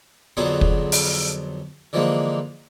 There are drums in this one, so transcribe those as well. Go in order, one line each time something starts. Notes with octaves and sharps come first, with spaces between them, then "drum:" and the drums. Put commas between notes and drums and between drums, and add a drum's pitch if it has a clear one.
F2 D3 F#3 B3 G#4 C5
drum: kick
drum: open hi-hat
D3 E3 F3 G#3 A#3